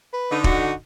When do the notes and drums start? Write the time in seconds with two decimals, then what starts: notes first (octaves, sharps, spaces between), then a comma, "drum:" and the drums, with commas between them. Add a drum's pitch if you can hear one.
0.13 B4
0.31 D3 D#4
0.44 F#4, drum: kick